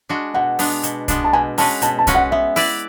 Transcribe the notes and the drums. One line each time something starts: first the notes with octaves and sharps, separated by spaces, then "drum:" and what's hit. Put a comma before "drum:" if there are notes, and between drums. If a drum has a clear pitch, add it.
G#3 D4 F#4
B2 F#5
G#3 B3 D4, drum: open hi-hat
B2, drum: hi-hat
G#3 B3 D4, drum: kick, hi-hat
A5
B2 G#5
G#3 C#4 F#4 B4 A5, drum: open hi-hat
B2 A5, drum: hi-hat
A5
G#3 C#4 F#4 B4, drum: kick, hi-hat
F#5
B3 E5
E4 B4 D5, drum: open hi-hat